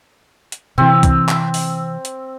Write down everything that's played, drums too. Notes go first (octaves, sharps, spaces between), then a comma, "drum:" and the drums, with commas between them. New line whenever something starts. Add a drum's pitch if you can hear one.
drum: hi-hat
C3 E3 C4
drum: kick, hi-hat
drum: clap
drum: open hi-hat
drum: hi-hat